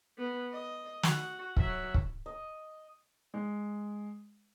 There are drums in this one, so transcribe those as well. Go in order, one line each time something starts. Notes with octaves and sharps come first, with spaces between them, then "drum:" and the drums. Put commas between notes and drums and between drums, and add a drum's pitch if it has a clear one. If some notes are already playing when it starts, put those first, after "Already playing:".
B3
D#5
F#4, drum: snare
F#3 E5, drum: kick
drum: kick
D#5
G#3